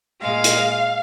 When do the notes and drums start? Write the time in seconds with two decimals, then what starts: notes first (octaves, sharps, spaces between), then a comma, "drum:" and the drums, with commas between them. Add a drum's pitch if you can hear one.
0.21 A#2 G#3 F5
0.44 drum: hi-hat